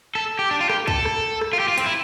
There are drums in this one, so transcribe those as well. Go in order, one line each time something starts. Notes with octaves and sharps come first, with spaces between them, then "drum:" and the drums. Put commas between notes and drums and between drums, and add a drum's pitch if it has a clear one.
A4
G4
D4
F4
G4, drum: rim click
A4, drum: kick
drum: rim click
drum: rim click
F4
G4
F4
C4, drum: hi-hat
E4